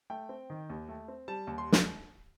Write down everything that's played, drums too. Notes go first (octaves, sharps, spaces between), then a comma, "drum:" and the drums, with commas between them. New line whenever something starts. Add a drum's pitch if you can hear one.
A3 G5
C4
D#3
D#2
A3
C4
G3 A5
D#2
C6
drum: snare